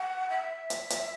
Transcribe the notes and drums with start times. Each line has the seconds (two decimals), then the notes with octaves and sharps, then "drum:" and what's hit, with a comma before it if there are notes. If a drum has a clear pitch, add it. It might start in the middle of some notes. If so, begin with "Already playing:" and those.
Already playing: F#5
0.29 E5
0.70 drum: hi-hat
0.90 drum: hi-hat